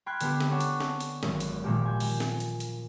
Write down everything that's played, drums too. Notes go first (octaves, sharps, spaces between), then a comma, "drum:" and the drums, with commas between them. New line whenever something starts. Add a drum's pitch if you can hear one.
G5 B5 C6 F6 F#6 G#6
D3 B3 G4, drum: hi-hat
drum: snare
C#4 D4 A4 F#5
drum: hi-hat
drum: snare
drum: hi-hat
G#1 F#2, drum: snare
drum: hi-hat
G#1 A#2 D#3 F3 G4
G#5 G6
drum: open hi-hat
drum: snare
drum: hi-hat
drum: hi-hat